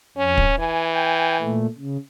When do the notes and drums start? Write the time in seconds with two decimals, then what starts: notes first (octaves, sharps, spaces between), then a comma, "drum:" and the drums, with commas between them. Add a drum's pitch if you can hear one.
0.17 F2 C#4
0.37 drum: kick
0.59 E3 G#5
0.93 G5 G#5
1.40 A#2 A3
1.78 C#3